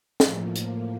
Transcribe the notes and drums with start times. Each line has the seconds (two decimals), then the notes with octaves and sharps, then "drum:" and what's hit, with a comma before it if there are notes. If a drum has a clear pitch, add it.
0.20 A2 F3 A#3, drum: snare
0.56 drum: hi-hat